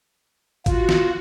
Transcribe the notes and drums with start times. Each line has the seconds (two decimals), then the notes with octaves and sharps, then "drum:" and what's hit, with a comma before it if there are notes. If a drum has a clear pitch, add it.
0.66 F4 F#4, drum: kick, hi-hat
0.89 drum: snare